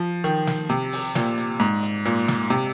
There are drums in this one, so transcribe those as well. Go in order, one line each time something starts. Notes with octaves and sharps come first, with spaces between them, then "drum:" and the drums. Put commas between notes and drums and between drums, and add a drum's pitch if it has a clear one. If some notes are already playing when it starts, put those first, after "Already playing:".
Already playing: F3
D#3, drum: hi-hat
drum: snare
C3, drum: hi-hat
drum: open hi-hat
A#2, drum: snare
drum: hi-hat
G#2
drum: hi-hat
A#2, drum: hi-hat
drum: snare
C3, drum: hi-hat